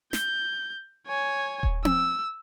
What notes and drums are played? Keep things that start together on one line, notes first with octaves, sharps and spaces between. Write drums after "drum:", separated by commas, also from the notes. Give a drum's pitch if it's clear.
G6, drum: snare
C#5 G#5
drum: kick D#1
E6, drum: tom C4